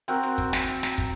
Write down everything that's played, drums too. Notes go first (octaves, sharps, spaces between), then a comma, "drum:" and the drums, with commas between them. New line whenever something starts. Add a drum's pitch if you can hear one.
C4 F#4 A#4, drum: hi-hat
drum: hi-hat
drum: kick, hi-hat
drum: snare
drum: hi-hat
drum: snare
drum: kick, hi-hat